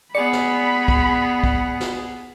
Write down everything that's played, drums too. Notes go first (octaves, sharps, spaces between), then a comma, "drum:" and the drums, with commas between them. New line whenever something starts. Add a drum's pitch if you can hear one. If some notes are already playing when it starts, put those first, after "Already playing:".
B3 G#4 D5 B5 C#7
drum: snare
drum: kick
drum: kick
drum: snare